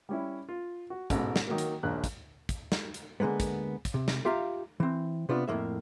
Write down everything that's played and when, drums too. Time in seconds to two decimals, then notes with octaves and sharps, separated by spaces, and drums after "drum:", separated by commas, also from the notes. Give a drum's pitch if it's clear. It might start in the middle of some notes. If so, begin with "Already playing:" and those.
0.09 G3 C#4 E4
0.49 F4
0.90 F#4
1.10 A1 G#2 B2, drum: kick, hi-hat
1.36 drum: snare
1.47 D#3 F#3 A#3
1.58 drum: hi-hat
1.83 A#1 D#2 A#3 F#6
2.04 drum: kick, hi-hat
2.49 drum: kick, hi-hat
2.72 drum: snare
2.94 drum: hi-hat
3.20 D3 F3 G#3 A#3 B3
3.40 drum: kick, hi-hat
3.85 drum: kick, hi-hat
3.94 C3
4.08 drum: snare
4.25 F4 G4 E5 F5 A#5
4.80 E3 C4
5.29 C3 B3 D4 F4
5.48 F2 A2 F3 A#3 E5